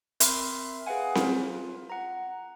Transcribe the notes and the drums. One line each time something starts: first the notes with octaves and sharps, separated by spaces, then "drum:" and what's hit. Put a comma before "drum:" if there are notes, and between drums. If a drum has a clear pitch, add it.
C4 A#4 E5 B5 C6, drum: hi-hat
G#4 B4 F5 F#5 G#5
F4 A#4, drum: snare C4
F#5 A#5